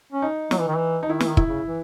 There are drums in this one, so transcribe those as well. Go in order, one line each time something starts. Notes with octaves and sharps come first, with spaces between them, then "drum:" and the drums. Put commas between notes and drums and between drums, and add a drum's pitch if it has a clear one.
C#4
D#4
F#3, drum: snare
E3
D#3
E3
D#4
D#3 E4
E3, drum: snare
D#3
E4, drum: kick
C#3
E3